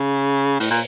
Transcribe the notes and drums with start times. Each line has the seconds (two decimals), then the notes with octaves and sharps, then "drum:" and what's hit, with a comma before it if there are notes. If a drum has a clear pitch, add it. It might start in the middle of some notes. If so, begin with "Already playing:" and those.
Already playing: C#3
0.60 A2, drum: open hi-hat
0.70 A#2